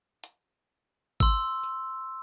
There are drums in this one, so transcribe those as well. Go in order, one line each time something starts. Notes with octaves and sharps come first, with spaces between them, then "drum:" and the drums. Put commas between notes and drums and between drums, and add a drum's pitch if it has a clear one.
drum: hi-hat
C6 E6, drum: kick G#1
drum: tambourine